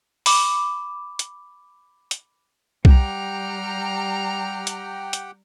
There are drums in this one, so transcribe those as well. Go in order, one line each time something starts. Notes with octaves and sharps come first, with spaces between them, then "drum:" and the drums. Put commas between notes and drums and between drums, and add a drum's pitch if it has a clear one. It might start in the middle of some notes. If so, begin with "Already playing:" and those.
B5 D6, drum: open hi-hat
drum: hi-hat
drum: hi-hat
G3 G4 F#5 G5 A#5 F6, drum: kick B1
drum: hi-hat
drum: hi-hat